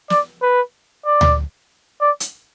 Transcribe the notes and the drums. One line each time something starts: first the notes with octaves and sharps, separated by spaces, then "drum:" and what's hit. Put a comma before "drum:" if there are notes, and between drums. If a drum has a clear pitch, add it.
D5, drum: snare
B4
D5
drum: tom D2
D5
drum: hi-hat